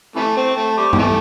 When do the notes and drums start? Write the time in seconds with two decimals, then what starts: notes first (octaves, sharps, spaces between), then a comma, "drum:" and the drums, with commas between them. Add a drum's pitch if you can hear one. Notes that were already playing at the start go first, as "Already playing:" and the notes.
0.16 C3 E3 A3
0.37 C4
0.57 A3
0.77 G3
0.93 G3, drum: tom G2
0.98 C3 E3 A3